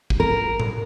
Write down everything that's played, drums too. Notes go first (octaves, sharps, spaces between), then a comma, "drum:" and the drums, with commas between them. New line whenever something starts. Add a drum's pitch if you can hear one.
drum: kick
A#4
drum: tom A2